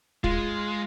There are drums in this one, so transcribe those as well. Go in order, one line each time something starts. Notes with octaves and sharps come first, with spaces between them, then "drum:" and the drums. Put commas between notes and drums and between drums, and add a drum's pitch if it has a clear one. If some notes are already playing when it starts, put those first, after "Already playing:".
G#3 F4, drum: kick